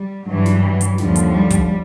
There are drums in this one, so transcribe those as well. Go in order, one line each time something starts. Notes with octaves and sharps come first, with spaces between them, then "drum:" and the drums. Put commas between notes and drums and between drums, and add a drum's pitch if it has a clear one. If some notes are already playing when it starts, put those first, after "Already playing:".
Already playing: G3
G2 E3 F#3
drum: snare
F#3
drum: hi-hat
D#2 D3 F3 G3, drum: snare
drum: hi-hat
G3
drum: kick, hi-hat